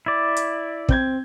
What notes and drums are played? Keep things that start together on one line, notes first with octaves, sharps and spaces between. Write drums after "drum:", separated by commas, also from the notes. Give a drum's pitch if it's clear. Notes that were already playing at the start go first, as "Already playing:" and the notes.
E4 D5
drum: hi-hat
C4 G6 G#6, drum: kick